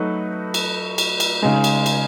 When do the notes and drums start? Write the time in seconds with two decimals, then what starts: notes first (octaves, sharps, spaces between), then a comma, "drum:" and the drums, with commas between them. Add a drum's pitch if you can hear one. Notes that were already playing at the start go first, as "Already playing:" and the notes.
Already playing: F#3 A3 D#4 F#4 B4
0.54 drum: cymbal
0.98 drum: cymbal
1.20 drum: cymbal
1.42 C#3 G#3 D#4
1.64 drum: cymbal
1.86 drum: cymbal